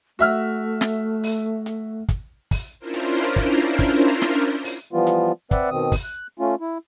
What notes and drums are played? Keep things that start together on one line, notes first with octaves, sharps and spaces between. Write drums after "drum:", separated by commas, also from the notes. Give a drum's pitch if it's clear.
A3 F#4 E5 F6
drum: snare
drum: open hi-hat
drum: hi-hat
drum: kick, hi-hat
drum: kick, open hi-hat
C#4 D4 E4 F4 A#4 C5
drum: hi-hat
drum: kick, hi-hat
drum: kick, hi-hat
drum: snare
drum: open hi-hat
E3 F3 G3 B3 F4
drum: hi-hat
C4 B4 D5 E5 F#5, drum: kick, hi-hat
B2 D#3 C4 D#6
drum: kick, open hi-hat
F#6
A3 C#4 F4
E4